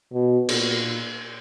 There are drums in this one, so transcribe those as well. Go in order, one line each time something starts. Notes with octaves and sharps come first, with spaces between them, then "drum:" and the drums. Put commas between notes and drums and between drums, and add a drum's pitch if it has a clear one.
B2
A#2, drum: cymbal